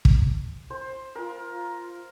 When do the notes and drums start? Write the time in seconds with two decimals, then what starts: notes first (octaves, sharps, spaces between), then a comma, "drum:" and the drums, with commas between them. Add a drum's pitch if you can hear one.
0.05 drum: kick
0.70 C5
1.15 F4 A#4